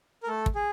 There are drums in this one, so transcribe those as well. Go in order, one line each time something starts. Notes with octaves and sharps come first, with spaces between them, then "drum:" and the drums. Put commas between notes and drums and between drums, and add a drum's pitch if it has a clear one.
A#4
A3 A4
drum: kick
G#4